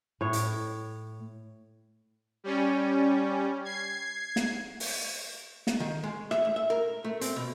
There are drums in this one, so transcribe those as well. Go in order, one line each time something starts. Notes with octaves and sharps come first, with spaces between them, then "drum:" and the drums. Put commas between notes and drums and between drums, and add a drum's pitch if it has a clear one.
A2 C#5
drum: hi-hat
G3 C#4
G#6 C7
drum: snare
drum: open hi-hat
drum: snare
D#3
G#3
E5, drum: rim click
A3
E5
A#4
A3
C4, drum: hi-hat
B2